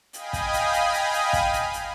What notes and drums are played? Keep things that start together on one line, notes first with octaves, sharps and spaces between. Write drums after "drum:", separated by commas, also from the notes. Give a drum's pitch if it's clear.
D#5 F5 G5 G#5 B5 D#6, drum: hi-hat
drum: kick, hi-hat
drum: hi-hat
drum: hi-hat
drum: hi-hat
drum: hi-hat
drum: kick, hi-hat
drum: hi-hat
drum: hi-hat